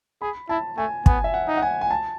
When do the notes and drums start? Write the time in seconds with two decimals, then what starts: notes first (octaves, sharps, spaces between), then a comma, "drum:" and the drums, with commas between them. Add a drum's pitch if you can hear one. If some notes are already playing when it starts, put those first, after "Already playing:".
0.22 G#4 B5
0.49 E4 A5
0.78 A3 G#5
1.06 B3 G#5, drum: kick
1.24 E5
1.34 F#5
1.48 D#4
1.57 F#5
1.62 G#5
1.81 G#5
1.91 A5